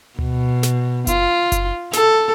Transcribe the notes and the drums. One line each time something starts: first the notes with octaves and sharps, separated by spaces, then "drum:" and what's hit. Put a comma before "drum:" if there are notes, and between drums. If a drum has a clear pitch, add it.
B2, drum: tom D2
drum: snare
F4, drum: kick F#1, hi-hat
drum: kick F#1, hi-hat
A4, drum: snare